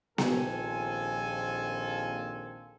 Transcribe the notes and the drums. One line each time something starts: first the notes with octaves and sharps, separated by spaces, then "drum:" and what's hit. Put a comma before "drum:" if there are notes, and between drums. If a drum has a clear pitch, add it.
A#1 D#2 C4 F4 A4 G#5, drum: snare B3